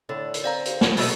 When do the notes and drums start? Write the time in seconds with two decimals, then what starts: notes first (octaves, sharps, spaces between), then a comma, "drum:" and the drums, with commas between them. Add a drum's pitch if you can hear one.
0.09 A2 D3
0.34 drum: hi-hat
0.44 C4 D5 F5 A#5
0.65 drum: hi-hat
0.81 drum: snare
0.97 G2 B2 A3 D#5, drum: open hi-hat